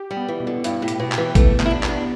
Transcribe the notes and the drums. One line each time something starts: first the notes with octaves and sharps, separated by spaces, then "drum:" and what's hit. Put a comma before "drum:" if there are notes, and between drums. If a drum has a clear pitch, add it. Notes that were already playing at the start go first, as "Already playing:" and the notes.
Already playing: G4
G3
B3
E3
B2
D3
G2 E4, drum: hi-hat
A2
G4, drum: hi-hat
B2
G4, drum: clap
E3
B2 A3, drum: kick, hi-hat
B3, drum: clap
E4
D4
B3, drum: clap
D4